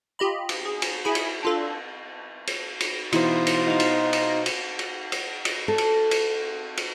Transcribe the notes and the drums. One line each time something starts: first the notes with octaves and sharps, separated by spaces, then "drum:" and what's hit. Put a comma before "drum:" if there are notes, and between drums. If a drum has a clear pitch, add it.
F4 G4 D#5 B5
drum: cymbal
G#4
drum: cymbal
E4 G#4 G#5 B5
drum: cymbal
D4 F4 A4
drum: cymbal
drum: cymbal
B2 E3 D#4 F4 C5, drum: cymbal
drum: cymbal
D#4 F5 F#5
drum: cymbal
drum: cymbal
drum: cymbal
drum: cymbal
drum: cymbal
drum: cymbal
A4
drum: cymbal
drum: cymbal
drum: cymbal